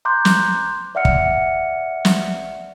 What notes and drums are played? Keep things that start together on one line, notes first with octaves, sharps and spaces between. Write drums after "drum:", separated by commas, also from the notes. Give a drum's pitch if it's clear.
A#5 C6 D6 F#6 G6
drum: snare
D5 E5 F#5 F6 C#7
drum: kick
drum: snare